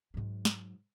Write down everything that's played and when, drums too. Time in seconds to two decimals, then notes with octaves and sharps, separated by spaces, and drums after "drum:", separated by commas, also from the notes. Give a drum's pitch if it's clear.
0.14 G#2 F#3
0.45 drum: snare